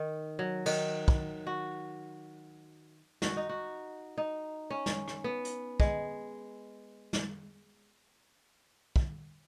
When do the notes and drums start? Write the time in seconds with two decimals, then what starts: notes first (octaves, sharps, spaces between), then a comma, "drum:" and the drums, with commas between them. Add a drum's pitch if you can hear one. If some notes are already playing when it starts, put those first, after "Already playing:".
Already playing: D#3
0.39 F#3
0.66 D#3, drum: cymbal
1.08 drum: kick
1.47 F#4
3.22 F#4, drum: snare
3.36 D#4
3.49 F#4
4.18 D#4
4.70 C#4
4.86 drum: snare
5.08 drum: rim click
5.24 B3
5.45 drum: hi-hat
5.80 G#3, drum: kick
7.13 drum: snare
8.96 drum: kick